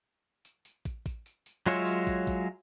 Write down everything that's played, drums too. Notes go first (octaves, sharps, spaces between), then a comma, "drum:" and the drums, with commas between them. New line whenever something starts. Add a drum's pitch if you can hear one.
drum: tambourine
drum: tambourine
drum: kick, tambourine
drum: kick, tambourine
drum: tambourine
drum: tambourine
F#3 G#3 F4 C#5 E5, drum: tambourine
drum: tambourine
drum: kick, tambourine
drum: kick, tambourine